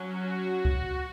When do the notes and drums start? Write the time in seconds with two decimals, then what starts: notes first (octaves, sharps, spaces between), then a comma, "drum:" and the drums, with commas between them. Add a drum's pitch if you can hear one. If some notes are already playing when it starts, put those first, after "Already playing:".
Already playing: F#3 C#4
0.21 F#4
0.65 drum: kick C#2